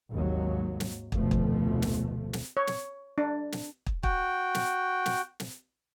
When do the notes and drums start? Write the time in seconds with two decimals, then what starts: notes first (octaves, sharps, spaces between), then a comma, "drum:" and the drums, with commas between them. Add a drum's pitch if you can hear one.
0.12 G#1 D#2 F#3
0.80 drum: snare
1.12 F1 D2 B2 F3 A3, drum: kick
1.31 drum: kick
1.82 drum: snare
2.33 drum: snare
2.57 C#5
2.67 drum: snare
3.18 D4
3.52 drum: snare
3.86 drum: kick
4.03 F#4 G5, drum: kick
4.55 drum: snare
5.06 drum: snare
5.40 drum: snare